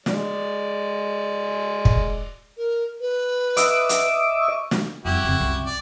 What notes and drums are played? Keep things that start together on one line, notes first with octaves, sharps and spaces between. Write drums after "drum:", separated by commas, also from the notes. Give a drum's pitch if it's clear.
G#3 D5, drum: snare
drum: kick
A#4
B4
D#5 E5 D6, drum: hi-hat
drum: hi-hat
C#6
drum: snare
F2 G3 E4 F#4 G4
F2 D3
C2 F#2
D5